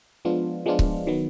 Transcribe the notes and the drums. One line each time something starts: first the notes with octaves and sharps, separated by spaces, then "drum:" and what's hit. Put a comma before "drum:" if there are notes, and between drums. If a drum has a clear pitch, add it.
F3 G#3 B3 D4 F4
F3 G#3 B3 D4 F4
drum: kick C#1
D#3 F#3 B3